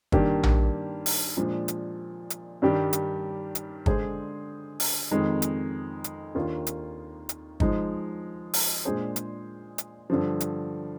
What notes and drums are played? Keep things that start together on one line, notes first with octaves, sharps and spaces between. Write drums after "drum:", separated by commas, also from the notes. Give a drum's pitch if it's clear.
G2 D#3 A#3 D4 G4, drum: kick
drum: tom A#1
drum: open hi-hat
A#2 F3 G#3 D4
drum: hi-hat
drum: hi-hat
G2 D#3 G3 D4 G4
drum: hi-hat
drum: hi-hat
D3 G#3 D4 G#4 C5, drum: kick
drum: open hi-hat
F2 D#3 G#3 D#4
drum: hi-hat
drum: hi-hat
D#2 D#3 A#3 D4 F4
drum: hi-hat
drum: hi-hat
F3 G#3 D#4, drum: kick
drum: open hi-hat
A#2 G#3 D4 G#4 C5
drum: hi-hat
drum: hi-hat
G2 D3 F3
drum: hi-hat